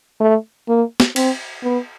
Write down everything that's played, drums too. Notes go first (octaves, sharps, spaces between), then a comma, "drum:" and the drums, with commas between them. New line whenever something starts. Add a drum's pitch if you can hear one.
A3
A#3
drum: snare
C4, drum: cymbal
B3